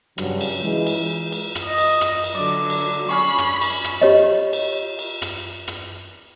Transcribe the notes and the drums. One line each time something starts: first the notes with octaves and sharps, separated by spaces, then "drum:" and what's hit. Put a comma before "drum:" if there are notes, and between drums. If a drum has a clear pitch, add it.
G2 C#3 F#3, drum: rim click
drum: cymbal
E3 G#3
drum: cymbal
drum: cymbal
drum: rim click
D#5
drum: cymbal
drum: rim click
drum: cymbal
D3 F#3 D5
drum: cymbal
C#4 G#4 B5 C#6
drum: rim click
drum: cymbal
drum: rim click
G4 C#5 D#5
drum: cymbal
drum: cymbal
drum: rim click
drum: rim click